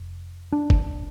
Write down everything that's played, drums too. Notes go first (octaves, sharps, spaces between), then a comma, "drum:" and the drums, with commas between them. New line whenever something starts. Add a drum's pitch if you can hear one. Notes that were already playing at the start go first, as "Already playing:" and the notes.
Already playing: F1
D4
drum: kick G1